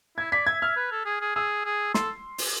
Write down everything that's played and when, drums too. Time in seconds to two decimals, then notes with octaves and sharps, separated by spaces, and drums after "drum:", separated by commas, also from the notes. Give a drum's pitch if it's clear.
0.17 E4 G#6
0.32 D5 B6
0.47 E5 G#6
0.62 E5 F6
0.76 B4
0.92 A4
1.06 G#4
1.21 G#4
1.35 G#4 E6
1.65 G#4
1.94 A4 C6, drum: snare
2.38 drum: open hi-hat